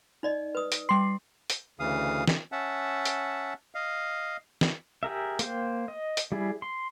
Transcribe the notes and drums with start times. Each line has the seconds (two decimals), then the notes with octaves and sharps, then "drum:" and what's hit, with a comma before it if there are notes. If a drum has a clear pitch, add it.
0.23 D#4 D5 D#5
0.55 B4 D#6
0.72 drum: hi-hat
0.89 G3 C6 C7
1.50 drum: hi-hat
1.80 D2 C#3 E3 F5 D#6
2.28 drum: snare
2.52 C#4 E5 F#5 A5
3.05 drum: hi-hat
3.75 D#5 F5
4.61 drum: snare
5.03 G4 G#4 A#4 E5
5.39 A#3 C5 G5, drum: hi-hat
5.88 D#5
6.17 drum: hi-hat
6.32 G3 E4 G#4
6.62 C6